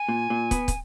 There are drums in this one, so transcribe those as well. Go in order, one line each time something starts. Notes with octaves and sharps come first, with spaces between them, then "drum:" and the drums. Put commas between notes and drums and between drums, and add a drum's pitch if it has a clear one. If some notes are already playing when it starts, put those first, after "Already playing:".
Already playing: G#5
A#2
A#2
B3, drum: kick, hi-hat
drum: kick, hi-hat